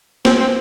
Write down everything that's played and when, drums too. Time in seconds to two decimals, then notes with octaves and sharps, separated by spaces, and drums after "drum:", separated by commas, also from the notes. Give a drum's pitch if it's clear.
0.25 C4, drum: snare
0.40 C4